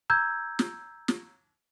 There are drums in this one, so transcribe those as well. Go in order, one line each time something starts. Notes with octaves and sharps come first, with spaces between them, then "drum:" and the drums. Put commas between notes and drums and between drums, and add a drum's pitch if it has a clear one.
A#5 E6 G6 G#6
drum: snare
drum: snare